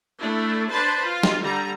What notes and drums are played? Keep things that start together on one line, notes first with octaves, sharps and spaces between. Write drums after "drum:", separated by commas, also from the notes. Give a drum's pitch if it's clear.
A3 D4 E4
D4 B4 C5 A5 B5
F4
drum: snare
D3 G3 A#5